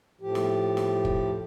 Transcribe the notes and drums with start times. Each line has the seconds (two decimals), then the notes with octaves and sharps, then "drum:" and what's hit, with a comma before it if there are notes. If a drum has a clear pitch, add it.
0.21 A2 F3 G4
0.35 drum: snare
0.77 drum: snare
1.05 drum: kick